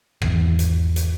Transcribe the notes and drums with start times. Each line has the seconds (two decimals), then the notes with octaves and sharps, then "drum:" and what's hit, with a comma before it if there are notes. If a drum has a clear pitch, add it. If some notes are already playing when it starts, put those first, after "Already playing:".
0.22 G#1 E2, drum: rim click
0.59 drum: hi-hat
0.96 drum: hi-hat